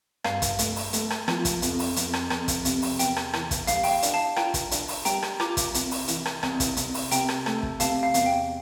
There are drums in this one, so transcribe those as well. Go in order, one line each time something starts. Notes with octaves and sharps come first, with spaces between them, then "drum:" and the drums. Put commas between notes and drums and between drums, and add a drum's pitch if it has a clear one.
G2 F5, drum: rim click
drum: kick, hi-hat
A3, drum: hi-hat
drum: open hi-hat
A3, drum: hi-hat
drum: rim click
F3, drum: rim click
drum: kick, hi-hat
F2, drum: hi-hat
drum: open hi-hat
F2, drum: hi-hat
drum: rim click
F2, drum: rim click
drum: kick, hi-hat
C3, drum: hi-hat
drum: open hi-hat
E2 G5, drum: hi-hat
drum: rim click
E3, drum: rim click
drum: kick, hi-hat
G3 F5, drum: hi-hat
G5, drum: open hi-hat
F5
D4, drum: hi-hat
F5 A5
F4 G5 A#5, drum: rim click
drum: kick, hi-hat
D4, drum: hi-hat
drum: open hi-hat
G3 G5 A#5, drum: hi-hat
drum: rim click
F4 A#5 D6, drum: rim click
drum: kick, hi-hat
C2, drum: hi-hat
drum: open hi-hat
E3, drum: hi-hat
drum: rim click
C2, drum: rim click
drum: kick, hi-hat
C2, drum: hi-hat
drum: open hi-hat
C3 G5 A#5, drum: hi-hat
drum: rim click
A3, drum: rim click
drum: kick
C3 F5 A5, drum: hi-hat
F5
E2 F5, drum: hi-hat
G5